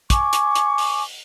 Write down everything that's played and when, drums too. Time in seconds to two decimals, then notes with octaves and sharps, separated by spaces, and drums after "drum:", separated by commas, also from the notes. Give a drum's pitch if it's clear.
0.10 G#5 C#6 D6, drum: kick, hi-hat
0.33 drum: hi-hat
0.55 drum: hi-hat
0.78 drum: open hi-hat